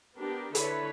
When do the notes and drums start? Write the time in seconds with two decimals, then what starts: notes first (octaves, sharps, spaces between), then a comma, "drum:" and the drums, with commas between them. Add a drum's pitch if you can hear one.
0.17 B3 D4 G4 A#4
0.55 D3 E4 A4 B4 C#5 B5, drum: hi-hat